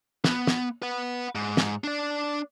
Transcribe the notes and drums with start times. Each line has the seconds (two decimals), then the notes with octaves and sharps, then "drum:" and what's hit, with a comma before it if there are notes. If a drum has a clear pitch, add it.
0.24 B3, drum: snare
0.47 drum: snare
0.82 B4 F#5
1.35 G#2
1.57 drum: snare
1.84 D4 D5